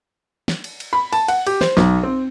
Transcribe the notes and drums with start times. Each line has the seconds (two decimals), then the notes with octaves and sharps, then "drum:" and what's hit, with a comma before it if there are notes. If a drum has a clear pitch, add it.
0.48 drum: snare
0.64 drum: cymbal
0.80 drum: cymbal
0.93 B5
1.13 A5, drum: cymbal
1.28 F#5, drum: cymbal
1.46 G4, drum: cymbal
1.61 C5, drum: snare
1.77 B1, drum: snare
2.03 C4